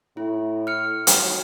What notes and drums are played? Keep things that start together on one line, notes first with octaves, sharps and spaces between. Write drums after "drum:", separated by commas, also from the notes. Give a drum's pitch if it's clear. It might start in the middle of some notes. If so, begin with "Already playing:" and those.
A2 E4
F6 C#7
F#3, drum: hi-hat